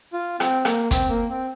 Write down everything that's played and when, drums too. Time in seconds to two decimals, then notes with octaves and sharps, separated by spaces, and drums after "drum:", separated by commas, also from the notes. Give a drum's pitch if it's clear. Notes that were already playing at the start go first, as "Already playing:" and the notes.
0.13 F4
0.40 C4, drum: rim click
0.65 A#3, drum: rim click
0.91 C4, drum: kick, hi-hat
1.09 A#3
1.29 C4